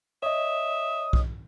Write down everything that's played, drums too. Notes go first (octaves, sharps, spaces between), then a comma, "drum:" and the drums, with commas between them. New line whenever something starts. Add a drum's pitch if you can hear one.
C#5 D#5 E5 D#6
drum: kick